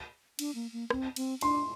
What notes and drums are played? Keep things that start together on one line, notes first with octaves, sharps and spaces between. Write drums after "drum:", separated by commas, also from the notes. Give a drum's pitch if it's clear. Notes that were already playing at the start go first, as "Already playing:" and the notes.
D4, drum: cymbal
A#3
A#3
C4, drum: rim click
C4, drum: cymbal
D4 C6, drum: cymbal